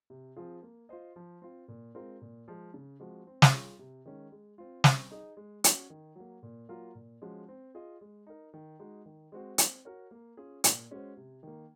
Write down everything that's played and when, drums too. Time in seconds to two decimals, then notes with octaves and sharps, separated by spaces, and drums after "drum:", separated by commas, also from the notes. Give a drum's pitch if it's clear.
0.10 C3
0.36 F3 C4 F4 G#4
0.63 A#3
0.89 F4 C5 D#5
1.16 F3
1.42 C4 F4
1.68 A#2
1.95 G#3 C4 F4 A#4
2.22 A#2
2.48 F3 G#3
2.74 C#3
3.00 F3 G#3 C4 F#4
3.27 C4
3.42 drum: snare
3.53 F4 G#4 C#5
3.79 C3
4.06 D#3 G#3 C#4
4.32 G#3
4.58 C4 F4
4.84 C4, drum: snare
5.11 D#4 G#4 D#5
5.37 G#3
5.64 C#4 F#4 C#5, drum: hi-hat
5.90 D#3
6.16 F#3 A#3
6.43 A#2
6.69 F#3 A#3 F4 A#4
6.95 A#2
7.22 F3 G#3 C#4 F#4
7.48 C4
7.75 F4 G#4 D#5
8.01 G#3
8.27 D#4 A#4
8.54 D#3
8.80 G#3 D#4 F#4
9.06 D#3
9.32 G#3 C4 F#4 C5
9.58 C4, drum: hi-hat
9.85 F#4 A#4 C#5
10.11 A#3
10.37 C#4 F4 G#4
10.64 A#2, drum: hi-hat
10.91 G#3 C#4 F#4 C5
11.17 C3
11.43 D#3 A#3